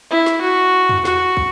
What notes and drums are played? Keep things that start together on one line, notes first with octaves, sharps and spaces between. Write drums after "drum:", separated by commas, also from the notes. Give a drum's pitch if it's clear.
E4
drum: snare
F#4
drum: tom
F#4, drum: snare
drum: kick